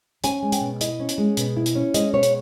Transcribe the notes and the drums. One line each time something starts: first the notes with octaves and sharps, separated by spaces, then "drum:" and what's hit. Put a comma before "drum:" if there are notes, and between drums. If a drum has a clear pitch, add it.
C#4 G#5, drum: hi-hat
G#3
G5, drum: hi-hat
B2
E4 D#5, drum: hi-hat
C#4
drum: hi-hat
G#3
B2, drum: hi-hat
E4
drum: hi-hat
C#4
G#3 D#5, drum: hi-hat
B2 C#5
drum: hi-hat